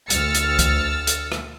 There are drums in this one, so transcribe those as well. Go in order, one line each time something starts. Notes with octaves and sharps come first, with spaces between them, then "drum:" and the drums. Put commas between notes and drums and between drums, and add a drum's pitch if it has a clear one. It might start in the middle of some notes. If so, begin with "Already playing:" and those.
D2 E6 F6 A6 C#7, drum: hi-hat
drum: hi-hat
drum: kick C#2, hi-hat
drum: hi-hat
drum: rim click